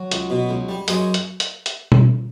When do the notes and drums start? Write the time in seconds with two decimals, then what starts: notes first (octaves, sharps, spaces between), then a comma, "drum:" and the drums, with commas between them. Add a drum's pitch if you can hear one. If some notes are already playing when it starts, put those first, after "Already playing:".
Already playing: F#3 F#4
0.11 C#2, drum: hi-hat
0.30 B2
0.49 C#2
0.69 G3
0.88 F#2 G#3 G#4, drum: hi-hat
1.14 drum: hi-hat
1.40 drum: hi-hat
1.66 drum: hi-hat
1.92 drum: tom B2